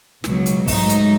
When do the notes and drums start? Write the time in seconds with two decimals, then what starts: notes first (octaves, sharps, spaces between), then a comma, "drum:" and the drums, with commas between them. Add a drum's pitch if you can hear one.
0.24 C#2 B2 F#3, drum: snare
0.46 drum: hi-hat
0.68 G#2 F#3 A3 D#4, drum: kick, open hi-hat
0.89 drum: hi-hat